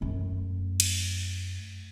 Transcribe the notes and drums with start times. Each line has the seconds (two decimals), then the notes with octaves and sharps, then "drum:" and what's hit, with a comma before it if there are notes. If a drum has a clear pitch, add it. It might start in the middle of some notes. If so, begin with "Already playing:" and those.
0.01 F#2 A3
0.80 drum: cymbal